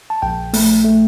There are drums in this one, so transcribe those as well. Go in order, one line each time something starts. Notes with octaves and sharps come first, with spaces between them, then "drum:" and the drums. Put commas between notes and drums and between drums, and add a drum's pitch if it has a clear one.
A5
A#1 G5
A3, drum: open hi-hat
A3